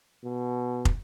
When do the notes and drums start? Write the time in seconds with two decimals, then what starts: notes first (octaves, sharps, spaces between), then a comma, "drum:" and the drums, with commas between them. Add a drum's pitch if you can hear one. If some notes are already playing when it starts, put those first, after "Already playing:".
0.24 B2
0.85 drum: kick